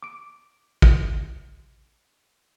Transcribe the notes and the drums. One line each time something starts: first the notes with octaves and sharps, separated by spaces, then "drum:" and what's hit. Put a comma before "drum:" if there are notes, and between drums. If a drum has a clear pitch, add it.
D6 D7
drum: kick